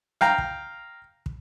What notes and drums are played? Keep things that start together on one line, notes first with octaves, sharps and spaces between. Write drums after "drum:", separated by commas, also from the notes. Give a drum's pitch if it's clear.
F5 G5 A#5, drum: snare
drum: kick
drum: kick